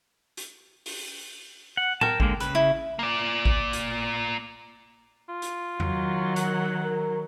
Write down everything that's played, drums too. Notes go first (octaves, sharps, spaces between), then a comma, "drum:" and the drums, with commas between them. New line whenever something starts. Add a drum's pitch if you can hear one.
drum: hi-hat
drum: open hi-hat
F#5
A#4 G5 A5, drum: tom A2
D3 G#3 A#3, drum: kick G#1
C#3 B4, drum: hi-hat
E4
A#3 D5
drum: kick G#1
drum: hi-hat
F4
drum: hi-hat
D#3 F#3, drum: tom E2
A#4 F#5, drum: hi-hat
A#4